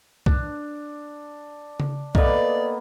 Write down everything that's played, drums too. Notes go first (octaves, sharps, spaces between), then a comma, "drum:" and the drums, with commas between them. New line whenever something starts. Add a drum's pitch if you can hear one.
D4, drum: kick B1
drum: tom C#3
A#3 B3 A4 D5 D#5, drum: kick B1